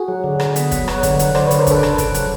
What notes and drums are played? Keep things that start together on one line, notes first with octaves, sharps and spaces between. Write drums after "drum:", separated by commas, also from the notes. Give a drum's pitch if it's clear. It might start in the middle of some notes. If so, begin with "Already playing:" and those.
Already playing: F#4 G#4
F#3
D3
D3, drum: rim click
B3, drum: hi-hat
F#3, drum: kick, hi-hat
F#3 B4 C#5, drum: rim click
D3, drum: kick, hi-hat
F#3, drum: hi-hat
D3 C5 D5, drum: rim click
B4 C#5
D3, drum: hi-hat
A#4 C5
D4 A4 B4, drum: kick, hi-hat
C#3, drum: rim click
C#3, drum: kick, hi-hat
F#3, drum: hi-hat